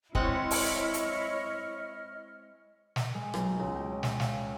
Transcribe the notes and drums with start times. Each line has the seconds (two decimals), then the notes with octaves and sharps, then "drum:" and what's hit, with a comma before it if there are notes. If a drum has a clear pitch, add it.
0.15 G#3 C4 E4 C#5 D#5 F#5 F6, drum: kick
0.51 drum: open hi-hat
0.94 drum: hi-hat
2.96 drum: snare
3.14 G#3
3.34 B1, drum: rim click
3.59 C#2
3.75 G5
3.92 C#4
4.03 drum: snare
4.20 F5, drum: snare